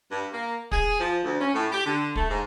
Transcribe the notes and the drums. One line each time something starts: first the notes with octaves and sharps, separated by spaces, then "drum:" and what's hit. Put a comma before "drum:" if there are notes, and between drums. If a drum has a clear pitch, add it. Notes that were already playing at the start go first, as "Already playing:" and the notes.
G2
A#3
G#4, drum: kick
F3
D2
C#4
A2
G4
D3
A3, drum: kick
G#2